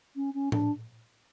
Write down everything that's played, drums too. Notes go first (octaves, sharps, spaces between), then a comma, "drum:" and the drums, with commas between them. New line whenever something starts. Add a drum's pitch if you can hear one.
C#4
C#4
D4, drum: tom A2